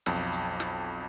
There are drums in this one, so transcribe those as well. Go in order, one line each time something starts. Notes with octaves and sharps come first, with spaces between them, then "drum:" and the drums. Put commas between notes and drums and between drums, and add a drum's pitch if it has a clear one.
B1 F2, drum: snare
drum: hi-hat
drum: snare